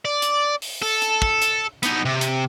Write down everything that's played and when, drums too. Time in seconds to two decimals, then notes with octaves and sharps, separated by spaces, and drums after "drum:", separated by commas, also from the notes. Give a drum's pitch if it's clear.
0.05 D5
0.22 drum: hi-hat
0.62 drum: open hi-hat
0.82 A4
1.02 drum: hi-hat
1.22 drum: kick
1.42 drum: hi-hat
1.83 B3 D#4, drum: hi-hat
2.05 C3
2.21 drum: hi-hat